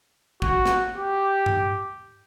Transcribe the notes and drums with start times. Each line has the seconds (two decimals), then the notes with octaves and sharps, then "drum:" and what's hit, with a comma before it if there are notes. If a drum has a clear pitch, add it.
0.42 F#4, drum: kick
0.66 drum: snare
0.97 G4
1.46 drum: tom G2